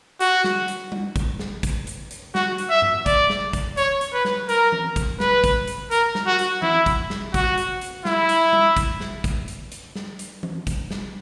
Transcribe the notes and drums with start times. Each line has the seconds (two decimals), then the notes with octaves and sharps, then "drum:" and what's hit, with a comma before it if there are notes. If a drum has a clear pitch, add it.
0.20 F#4, drum: hi-hat
0.44 drum: snare
0.68 drum: hi-hat
0.92 drum: tom G3
1.16 drum: kick, hi-hat
1.39 drum: snare
1.63 drum: kick, hi-hat
1.87 drum: hi-hat
2.11 drum: hi-hat
2.35 F#4, drum: snare
2.58 drum: hi-hat
2.70 E5
2.82 drum: tom G2
3.06 D5, drum: kick, hi-hat
3.30 drum: snare
3.53 drum: kick, hi-hat
3.77 C#5, drum: hi-hat
4.01 drum: hi-hat
4.13 B4
4.25 drum: snare
4.49 A#4, drum: hi-hat
4.72 drum: tom E3
4.96 drum: kick, hi-hat
5.20 B4, drum: snare
5.44 drum: kick, hi-hat
5.67 drum: hi-hat
5.91 A#4, drum: hi-hat
6.15 drum: snare
6.26 F#4
6.39 drum: hi-hat
6.62 E4, drum: tom E3
6.86 drum: kick, hi-hat
7.10 drum: snare
7.34 F#4, drum: kick, hi-hat
7.58 drum: hi-hat
7.81 drum: hi-hat
8.05 E4, drum: snare
8.29 drum: hi-hat
8.53 drum: tom G3
8.77 drum: kick, hi-hat
9.00 drum: snare
9.24 drum: kick, hi-hat
9.48 drum: hi-hat
9.72 drum: hi-hat
9.95 drum: snare
10.19 drum: hi-hat
10.43 drum: tom E3
10.67 drum: kick, hi-hat
10.91 drum: snare